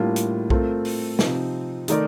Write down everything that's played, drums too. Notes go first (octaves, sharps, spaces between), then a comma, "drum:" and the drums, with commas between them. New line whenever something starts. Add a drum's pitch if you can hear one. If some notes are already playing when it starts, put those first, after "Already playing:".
Already playing: A2 G3 A#3 D4 F4
drum: hi-hat
A3 C4 F4 A#4, drum: kick B1
drum: open hi-hat
C3 F3 C4 D#4, drum: snare
D#3 A3 D#4 A#4 D5, drum: hi-hat